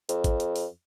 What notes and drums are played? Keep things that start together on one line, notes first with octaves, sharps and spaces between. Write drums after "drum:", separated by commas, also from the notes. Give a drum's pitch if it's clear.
F2, drum: hi-hat
drum: kick, hi-hat
drum: hi-hat
drum: open hi-hat